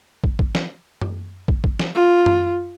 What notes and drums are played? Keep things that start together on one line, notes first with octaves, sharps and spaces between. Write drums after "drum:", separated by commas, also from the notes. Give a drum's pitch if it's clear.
drum: kick
drum: kick
drum: snare
drum: tom F#2
drum: kick
drum: kick
drum: snare
F4
drum: tom F#2